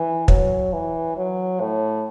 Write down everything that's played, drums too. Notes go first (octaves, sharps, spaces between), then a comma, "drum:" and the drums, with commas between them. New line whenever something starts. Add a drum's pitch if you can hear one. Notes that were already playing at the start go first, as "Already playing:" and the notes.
Already playing: E3
F#3, drum: kick
E3
F#3
A2